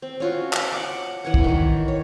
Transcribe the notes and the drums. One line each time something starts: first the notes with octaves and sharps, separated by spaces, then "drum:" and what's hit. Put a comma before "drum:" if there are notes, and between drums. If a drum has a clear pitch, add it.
C4
C#4 F4 F#4
drum: clap
F#5 D6
E3 C#5 F#5
drum: kick
D#3 E3
C#5